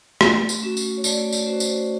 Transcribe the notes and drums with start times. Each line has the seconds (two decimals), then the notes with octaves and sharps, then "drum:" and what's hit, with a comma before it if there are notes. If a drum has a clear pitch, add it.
0.21 A3, drum: rim click
0.49 drum: tambourine
0.63 C#4 F#4
0.77 drum: tambourine
0.97 C#5
1.04 A3 D5, drum: tambourine
1.32 drum: tambourine
1.46 C#4 F#4 C5
1.60 drum: tambourine